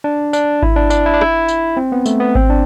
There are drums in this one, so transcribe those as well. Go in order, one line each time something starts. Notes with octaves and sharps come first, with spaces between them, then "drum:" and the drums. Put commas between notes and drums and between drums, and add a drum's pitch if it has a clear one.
D4
D4, drum: tambourine
E4, drum: kick G#1
D4
D4, drum: tambourine
E4
D4
E4, drum: rim click
drum: tambourine
C4
B3
A3, drum: tambourine
B3
C4, drum: kick G#1
D4